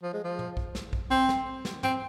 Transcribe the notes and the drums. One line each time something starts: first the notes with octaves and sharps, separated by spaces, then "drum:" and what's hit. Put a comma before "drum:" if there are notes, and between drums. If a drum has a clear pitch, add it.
F3
G#3
F3
drum: tom
drum: kick
drum: snare
drum: kick
C4
drum: snare
drum: snare
C4, drum: tom